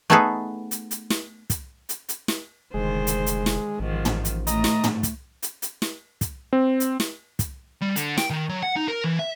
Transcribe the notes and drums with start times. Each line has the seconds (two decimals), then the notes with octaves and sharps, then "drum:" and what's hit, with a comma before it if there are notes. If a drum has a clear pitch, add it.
0.10 A3 B3 D#4 G#4 A4 B4
0.71 drum: hi-hat
0.91 drum: hi-hat
1.10 drum: snare
1.50 drum: kick, hi-hat
1.89 drum: hi-hat
2.09 drum: hi-hat
2.28 drum: snare
2.74 F1 D3 D#3 G#3 C5
3.07 drum: hi-hat
3.26 drum: hi-hat
3.46 drum: snare
3.80 A1 G#2 D#3 F3
4.05 drum: tom
4.25 drum: hi-hat
4.47 A2 A3 D#5 A#5, drum: hi-hat
4.64 drum: snare
4.84 drum: tom
5.03 drum: kick, hi-hat
5.43 drum: hi-hat
5.62 drum: hi-hat
5.82 drum: snare
6.21 drum: kick, hi-hat
6.53 C4
6.80 drum: hi-hat
7.00 drum: snare
7.39 drum: kick, hi-hat
7.81 G3
7.96 D3, drum: hi-hat
8.18 G5, drum: snare
8.30 D#3
8.49 F#3
8.63 F#5
8.76 D#4
8.88 A#4
9.04 E3
9.19 E5